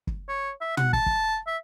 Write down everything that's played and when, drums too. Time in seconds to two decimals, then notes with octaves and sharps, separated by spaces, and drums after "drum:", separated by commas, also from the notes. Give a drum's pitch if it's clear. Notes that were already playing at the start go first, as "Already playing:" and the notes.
0.07 drum: kick
0.28 C#5
0.61 E5
0.77 F#5, drum: tom
0.93 A5, drum: kick
1.06 drum: kick
1.47 E5